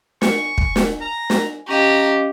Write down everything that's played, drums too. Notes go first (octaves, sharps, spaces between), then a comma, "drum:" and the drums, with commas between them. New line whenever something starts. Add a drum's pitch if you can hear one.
G#5 C#6, drum: snare
drum: kick
drum: snare
A#5
drum: snare
C#4 G4 D#5 F5 A#5